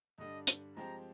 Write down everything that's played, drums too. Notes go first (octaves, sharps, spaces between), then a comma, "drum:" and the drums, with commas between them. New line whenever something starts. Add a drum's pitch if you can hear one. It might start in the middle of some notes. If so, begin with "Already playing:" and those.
G2 D3 G3 D4 D#5
drum: hi-hat
F3 G#3 C4 G4 C5 A#5